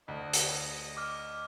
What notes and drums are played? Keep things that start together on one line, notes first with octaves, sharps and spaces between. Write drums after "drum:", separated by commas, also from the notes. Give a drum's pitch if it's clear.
D2 D#5
drum: hi-hat
D6 F6